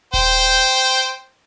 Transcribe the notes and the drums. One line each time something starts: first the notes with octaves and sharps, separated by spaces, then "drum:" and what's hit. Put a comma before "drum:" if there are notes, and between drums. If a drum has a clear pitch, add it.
C5 G5, drum: kick D#1